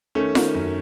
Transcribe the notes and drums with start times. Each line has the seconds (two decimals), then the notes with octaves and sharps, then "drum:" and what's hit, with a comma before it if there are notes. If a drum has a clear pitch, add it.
0.15 D#3 A3 C#4
0.35 D#3, drum: snare F4
0.54 F#2